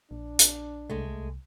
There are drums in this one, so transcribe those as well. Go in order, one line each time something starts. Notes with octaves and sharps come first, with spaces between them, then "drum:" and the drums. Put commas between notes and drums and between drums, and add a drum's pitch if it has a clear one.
A#1 D4
drum: hi-hat
C2 G#3 A3